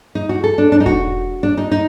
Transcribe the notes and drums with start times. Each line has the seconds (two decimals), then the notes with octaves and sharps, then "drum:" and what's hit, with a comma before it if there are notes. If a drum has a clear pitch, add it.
0.15 D#4
0.29 F#4
0.44 A4
0.58 D4
0.72 D4
0.80 D#4
0.86 F#4, drum: kick E1
1.43 D4
1.57 D#4
1.71 D#4